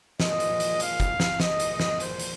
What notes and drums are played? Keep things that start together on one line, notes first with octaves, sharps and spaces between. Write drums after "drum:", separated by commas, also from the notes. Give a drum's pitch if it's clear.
A#2 F3 G#3 D#5, drum: snare
drum: hi-hat
drum: hi-hat
F5, drum: hi-hat
drum: kick, hi-hat
drum: snare
A#2 G#3 D#5, drum: snare
drum: hi-hat
drum: snare
C5, drum: hi-hat
drum: hi-hat